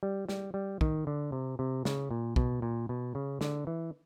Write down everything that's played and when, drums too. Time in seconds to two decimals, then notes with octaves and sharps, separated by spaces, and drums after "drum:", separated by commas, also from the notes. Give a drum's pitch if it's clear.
0.03 G3
0.29 G3, drum: snare
0.54 G3
0.81 D#3, drum: kick
1.07 D3
1.32 C3
1.59 C3
1.85 C#3, drum: snare
2.11 A#2
2.36 B2, drum: kick
2.62 A#2
2.89 B2
3.15 C#3
3.41 D3, drum: snare
3.67 E3